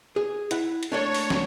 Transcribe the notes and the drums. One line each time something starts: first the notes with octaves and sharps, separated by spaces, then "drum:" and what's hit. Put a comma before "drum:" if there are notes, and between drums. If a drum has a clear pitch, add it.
G#4
E4 F#5, drum: hi-hat
drum: hi-hat
A3 A#3 D4 C#5
drum: open hi-hat
drum: snare